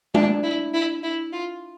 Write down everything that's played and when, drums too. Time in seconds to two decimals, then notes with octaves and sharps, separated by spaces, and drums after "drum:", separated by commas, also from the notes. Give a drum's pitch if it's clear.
0.14 D4, drum: tom G#3
0.43 E4
0.74 E4
1.03 E4
1.33 F4